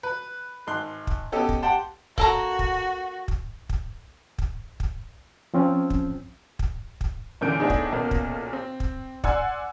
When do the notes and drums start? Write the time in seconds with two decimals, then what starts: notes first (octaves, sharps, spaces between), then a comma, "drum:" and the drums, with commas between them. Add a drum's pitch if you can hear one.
0.03 B4
0.67 G#1 C6 F#6
1.07 drum: kick
1.32 B3 C#4 G4 A4 D#5
1.49 drum: kick
1.62 G4 F#5 G5 A5 C6
2.18 A#3 F#4 A4 A#5, drum: kick
2.59 drum: kick
3.28 drum: kick
3.69 drum: kick
4.38 drum: kick
4.80 drum: kick
5.54 F3 C4 C#4
5.90 drum: kick
6.59 drum: kick
7.01 drum: kick
7.41 F#2 A#2 D3 E3 G6 D7
7.60 A2 A3 B3 D4 D#4 G#4
7.70 drum: kick
7.92 B1 A#2 A#3 B3 C#4
8.11 drum: kick
8.53 C4
8.80 drum: kick
9.24 D5 F#5 G#5 C6 E6 G#6, drum: kick